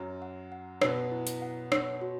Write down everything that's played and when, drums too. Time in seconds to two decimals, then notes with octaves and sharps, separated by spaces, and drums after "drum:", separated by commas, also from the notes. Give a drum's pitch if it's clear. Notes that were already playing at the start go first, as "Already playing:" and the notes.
Already playing: F#2 F#3 C#5
0.22 F#5
0.52 F#5
0.82 B2 B3 F#5, drum: rim click
1.12 E4
1.27 drum: hi-hat
1.42 F#5
1.72 C#5, drum: rim click
2.01 F#4